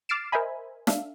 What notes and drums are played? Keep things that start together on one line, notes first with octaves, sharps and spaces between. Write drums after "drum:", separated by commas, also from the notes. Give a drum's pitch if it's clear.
D6 F6 A6 C7 D7 E7
A#4 C5 D#5 E5 G#5 B5
D4 E5 F5, drum: snare